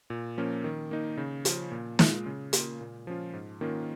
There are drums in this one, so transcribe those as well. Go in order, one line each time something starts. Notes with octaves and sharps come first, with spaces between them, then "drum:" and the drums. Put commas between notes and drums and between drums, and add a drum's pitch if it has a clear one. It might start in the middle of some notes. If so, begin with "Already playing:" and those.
A#2
F3 A#3 C#4 F4
D#3
A#3 D#4
C#3
F3 C#4, drum: hi-hat
A#2
G#3 F4, drum: snare
C#3
A#3 F4, drum: hi-hat
A#2
F3 C#4 F4
G#2
D#3 A#3 C#4 F4